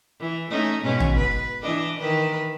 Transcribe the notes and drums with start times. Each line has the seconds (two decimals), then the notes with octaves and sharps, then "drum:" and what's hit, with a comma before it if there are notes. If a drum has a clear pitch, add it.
0.19 E3
0.50 A3 C#4 D#4
0.83 G#2 B2 C#4
1.00 drum: tom
1.17 B4
1.62 E3 D4 D#5
1.99 D#3 E3 B4